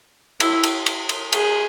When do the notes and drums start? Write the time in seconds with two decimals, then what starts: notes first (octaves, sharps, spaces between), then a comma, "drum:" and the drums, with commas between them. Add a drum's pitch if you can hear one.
0.40 E4, drum: cymbal
0.63 drum: cymbal
0.86 drum: cymbal
1.09 drum: cymbal
1.32 G#4, drum: cymbal